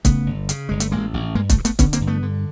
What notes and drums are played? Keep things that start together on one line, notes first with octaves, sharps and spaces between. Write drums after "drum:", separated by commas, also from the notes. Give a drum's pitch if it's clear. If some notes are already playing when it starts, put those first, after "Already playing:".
C#3 A3 B3, drum: kick, hi-hat
G1
C#3, drum: hi-hat
G1 G#3
A3, drum: hi-hat
A1 G#3 A#3
A1
G2 G#3 A#3
A3 B3, drum: kick, hi-hat
G2
A3 B3, drum: hi-hat
D3 B3 C#4, drum: kick, hi-hat
A#3 C4, drum: hi-hat
G2
A3 B3
D3